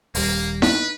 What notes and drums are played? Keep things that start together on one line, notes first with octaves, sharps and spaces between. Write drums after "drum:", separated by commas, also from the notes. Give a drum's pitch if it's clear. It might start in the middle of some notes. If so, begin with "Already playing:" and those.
D#1 G3 A#3, drum: open hi-hat
D#4 B4, drum: snare E4